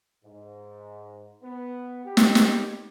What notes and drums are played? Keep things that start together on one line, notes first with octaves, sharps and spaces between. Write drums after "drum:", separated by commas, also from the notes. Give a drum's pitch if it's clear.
G#2
B3
G4
drum: snare
drum: snare